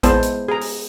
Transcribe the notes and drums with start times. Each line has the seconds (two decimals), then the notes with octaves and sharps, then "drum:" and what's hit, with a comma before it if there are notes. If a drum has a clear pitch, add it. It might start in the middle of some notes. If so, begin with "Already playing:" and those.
0.03 G#3 B3 E4 C5 A5, drum: kick A1, hi-hat
0.23 drum: hi-hat
0.48 G#4 A#5
0.61 drum: open hi-hat